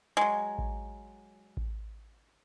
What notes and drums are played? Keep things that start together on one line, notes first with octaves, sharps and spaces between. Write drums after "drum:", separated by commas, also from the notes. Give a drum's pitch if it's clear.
F#3 G#3
drum: kick A1
drum: kick A1